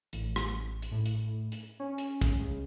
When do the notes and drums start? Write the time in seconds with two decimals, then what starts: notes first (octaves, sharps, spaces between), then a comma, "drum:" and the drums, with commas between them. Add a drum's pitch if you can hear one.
0.13 A1, drum: hi-hat
0.36 drum: rim click
0.82 drum: hi-hat
0.92 A2
1.06 drum: hi-hat
1.52 drum: hi-hat
1.80 C#4
1.98 drum: hi-hat
2.21 drum: kick, hi-hat
2.40 C#2